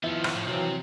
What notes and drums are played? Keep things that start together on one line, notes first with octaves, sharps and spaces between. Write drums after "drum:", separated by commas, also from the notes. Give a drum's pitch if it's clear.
D#3 F3 B3 E4
drum: rim click
A2
C3 E3 F#3 C4